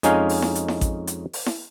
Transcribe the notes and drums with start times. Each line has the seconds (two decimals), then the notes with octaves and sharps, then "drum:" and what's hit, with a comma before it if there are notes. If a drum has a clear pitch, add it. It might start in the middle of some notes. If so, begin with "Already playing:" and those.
0.03 F2 G#3 C#4 D#4 F5 G#5, drum: hi-hat
0.29 drum: open hi-hat
0.42 drum: snare E4
0.55 drum: hi-hat
0.68 drum: snare E4
0.81 drum: kick A1, hi-hat
1.07 drum: hi-hat
1.33 drum: open hi-hat
1.46 drum: snare E4